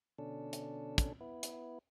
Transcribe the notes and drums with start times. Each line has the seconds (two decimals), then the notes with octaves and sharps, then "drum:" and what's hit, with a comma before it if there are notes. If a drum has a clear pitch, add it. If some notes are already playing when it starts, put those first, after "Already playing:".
0.18 B2 D3 C#4 D4 A4
0.53 drum: hi-hat
0.98 drum: kick, hi-hat
1.21 B3 E4
1.43 drum: hi-hat